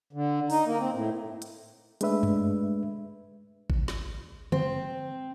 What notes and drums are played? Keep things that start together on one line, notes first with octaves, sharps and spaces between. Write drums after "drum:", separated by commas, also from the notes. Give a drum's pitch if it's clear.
D3
D#4, drum: open hi-hat
A#3
C4
A2
drum: hi-hat
G#3 A3 D4 B4 E5, drum: hi-hat
drum: tom F#2
drum: kick G#1
drum: snare
C4, drum: tom C#3